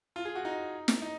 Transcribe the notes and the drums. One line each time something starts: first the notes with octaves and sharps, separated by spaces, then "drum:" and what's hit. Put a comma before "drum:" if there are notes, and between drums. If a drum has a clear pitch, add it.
F4
G#4
F#4
D#4
drum: snare
D#4